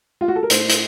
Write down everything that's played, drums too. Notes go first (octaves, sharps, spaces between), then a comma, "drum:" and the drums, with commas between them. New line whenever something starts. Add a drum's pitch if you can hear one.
F4
F#4
A4
A#4
A2 C5, drum: hi-hat
drum: hi-hat